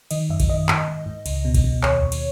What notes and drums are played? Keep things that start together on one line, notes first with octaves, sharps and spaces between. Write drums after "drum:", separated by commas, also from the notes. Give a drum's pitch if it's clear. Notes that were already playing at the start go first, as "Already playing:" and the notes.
D#3 D#5, drum: cymbal
F#2 E5
drum: kick A1, cymbal
D#3 D#5
G#2, drum: clap
G#2
G#2
C#2, drum: cymbal
B2
drum: kick A1, cymbal
B2
D#2 C#5, drum: clap
D#2
drum: cymbal